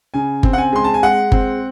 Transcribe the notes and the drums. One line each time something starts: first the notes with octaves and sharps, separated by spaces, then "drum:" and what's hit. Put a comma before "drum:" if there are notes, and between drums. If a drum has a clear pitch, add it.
C#3 G#5
C4, drum: kick G1
F#5
G#5
G#3 C6
A5
G#5
G#3 F#5
C4, drum: kick G1